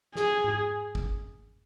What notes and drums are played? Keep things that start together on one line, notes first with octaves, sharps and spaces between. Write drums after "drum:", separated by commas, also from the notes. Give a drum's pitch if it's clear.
G#4, drum: snare
drum: tom G#2
drum: kick